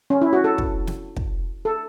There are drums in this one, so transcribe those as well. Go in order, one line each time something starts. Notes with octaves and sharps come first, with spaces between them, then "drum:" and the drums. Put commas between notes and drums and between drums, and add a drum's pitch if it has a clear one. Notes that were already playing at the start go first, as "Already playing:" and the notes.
C#4
E4
F#4
A4
drum: kick
drum: snare
drum: kick
A4